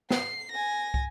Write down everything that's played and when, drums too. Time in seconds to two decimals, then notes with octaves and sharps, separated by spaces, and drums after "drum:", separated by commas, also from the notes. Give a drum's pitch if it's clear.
0.10 C7, drum: snare
0.51 G#5 A#6
0.94 drum: kick